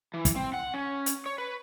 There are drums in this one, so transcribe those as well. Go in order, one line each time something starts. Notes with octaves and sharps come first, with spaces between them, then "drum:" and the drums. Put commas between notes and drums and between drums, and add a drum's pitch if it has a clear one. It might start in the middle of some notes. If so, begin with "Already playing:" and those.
E3
drum: kick, hi-hat
C4
F#5
C#4
drum: hi-hat
C#5
B4